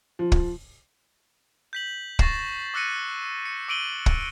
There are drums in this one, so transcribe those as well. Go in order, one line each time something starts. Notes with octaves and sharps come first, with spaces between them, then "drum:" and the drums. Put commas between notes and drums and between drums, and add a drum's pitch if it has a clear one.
F3
drum: kick
G6 B6 F#7
C#6 A6 A#6 C7 E7, drum: kick
D6 E6 F#6 A#6 C#7 D#7
C#7
D6 E6 D7 D#7 F#7 G7
drum: kick